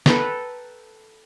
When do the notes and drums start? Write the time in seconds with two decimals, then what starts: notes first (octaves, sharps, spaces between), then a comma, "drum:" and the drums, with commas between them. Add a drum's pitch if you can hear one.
0.06 A4 B4 G5 A#5, drum: snare